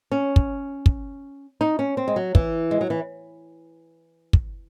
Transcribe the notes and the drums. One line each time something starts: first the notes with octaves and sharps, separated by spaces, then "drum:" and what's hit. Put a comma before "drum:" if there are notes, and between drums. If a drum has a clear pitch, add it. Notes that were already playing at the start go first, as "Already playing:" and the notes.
C#4
drum: kick
drum: kick
D#4
C#4
C4
G#3
F#3
E3, drum: kick
G#3
F#3
E3
drum: kick